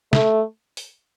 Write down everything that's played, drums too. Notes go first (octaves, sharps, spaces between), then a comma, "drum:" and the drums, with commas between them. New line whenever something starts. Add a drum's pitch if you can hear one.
A3, drum: snare
drum: open hi-hat